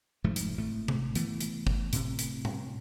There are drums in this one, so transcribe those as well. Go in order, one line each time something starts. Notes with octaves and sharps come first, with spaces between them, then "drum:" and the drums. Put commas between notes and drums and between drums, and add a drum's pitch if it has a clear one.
F1 G#2 F3 A3
drum: hi-hat
G#1 A2 A3
drum: tom C3
E3 A3 B3, drum: hi-hat
drum: hi-hat
drum: kick
A2 C3, drum: hi-hat
drum: hi-hat
drum: tom A2